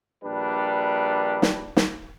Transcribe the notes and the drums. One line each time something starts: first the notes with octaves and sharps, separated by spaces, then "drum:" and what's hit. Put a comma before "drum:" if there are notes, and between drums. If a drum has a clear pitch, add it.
A#1 G3 D4 B4
drum: snare
drum: snare